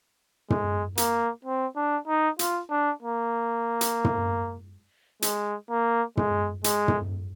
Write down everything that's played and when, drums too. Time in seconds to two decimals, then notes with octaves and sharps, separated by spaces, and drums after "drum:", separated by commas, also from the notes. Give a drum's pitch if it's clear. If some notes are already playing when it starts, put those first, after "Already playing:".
0.50 G#3, drum: tom
0.98 A#3, drum: hi-hat
1.45 C4
1.76 D4
2.07 D#4
2.39 F4, drum: hi-hat
2.70 D4
3.02 A#3
3.81 drum: hi-hat
4.04 drum: tom
5.22 G#3, drum: hi-hat
5.70 A#3
6.17 G#3, drum: tom
6.64 G#3, drum: hi-hat
6.88 drum: tom